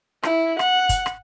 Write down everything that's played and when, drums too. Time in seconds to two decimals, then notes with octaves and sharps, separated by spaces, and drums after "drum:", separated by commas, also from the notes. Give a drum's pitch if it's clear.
0.23 E4, drum: rim click
0.59 F#5, drum: rim click
0.89 drum: kick, hi-hat
1.06 drum: rim click